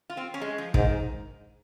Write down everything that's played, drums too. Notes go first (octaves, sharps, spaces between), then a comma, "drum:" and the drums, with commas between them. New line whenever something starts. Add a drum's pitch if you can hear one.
F4
C4
C#4
G#3
F3
G#2 D#3, drum: kick